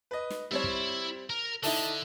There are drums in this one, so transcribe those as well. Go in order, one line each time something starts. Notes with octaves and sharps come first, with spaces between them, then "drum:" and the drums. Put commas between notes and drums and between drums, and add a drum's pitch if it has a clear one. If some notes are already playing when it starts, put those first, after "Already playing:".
B4 D#5
drum: snare
G3 C4 E4 C#5 E5
drum: kick
A#4
D3 D#4 E4 A4, drum: open hi-hat